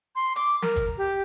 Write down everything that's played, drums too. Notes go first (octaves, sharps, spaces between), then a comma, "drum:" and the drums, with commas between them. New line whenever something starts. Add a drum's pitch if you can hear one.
C6
D6, drum: hi-hat
A#4, drum: snare
drum: kick, hi-hat
G4